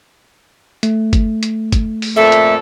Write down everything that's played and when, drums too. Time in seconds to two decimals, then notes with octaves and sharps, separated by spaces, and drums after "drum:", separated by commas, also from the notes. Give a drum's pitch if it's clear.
0.83 A3, drum: hi-hat
1.13 drum: kick G1, hi-hat
1.43 drum: hi-hat
1.72 drum: kick G1, hi-hat
2.02 drum: open hi-hat
2.16 F2 A#2 A4 E5
2.32 drum: hi-hat